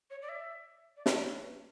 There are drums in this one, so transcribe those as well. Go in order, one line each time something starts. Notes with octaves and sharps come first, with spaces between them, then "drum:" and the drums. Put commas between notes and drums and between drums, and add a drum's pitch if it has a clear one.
C#5
D5
E5
D5
C#5, drum: snare
C#5
B4